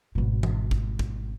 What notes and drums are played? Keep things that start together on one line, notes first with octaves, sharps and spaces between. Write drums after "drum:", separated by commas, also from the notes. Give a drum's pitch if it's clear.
G#1 B2
drum: tom
drum: kick
drum: kick